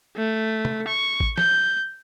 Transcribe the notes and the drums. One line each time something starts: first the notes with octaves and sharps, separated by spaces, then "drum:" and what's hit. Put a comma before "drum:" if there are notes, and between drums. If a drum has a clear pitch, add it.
A3
drum: tom
C#6
drum: kick A1
G6, drum: snare